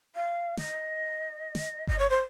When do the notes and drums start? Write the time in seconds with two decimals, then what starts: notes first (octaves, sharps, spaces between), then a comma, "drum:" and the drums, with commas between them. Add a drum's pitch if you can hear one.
0.14 F5
0.57 D#5, drum: snare
1.55 drum: snare
1.87 D#5, drum: kick G1
1.98 C#5
2.09 C5